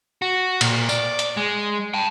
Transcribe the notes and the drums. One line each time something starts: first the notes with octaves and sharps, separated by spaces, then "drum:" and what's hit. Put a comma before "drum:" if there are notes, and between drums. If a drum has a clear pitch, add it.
F#4
A#2, drum: cymbal
D5, drum: tambourine
drum: hi-hat
G#3
G5 A5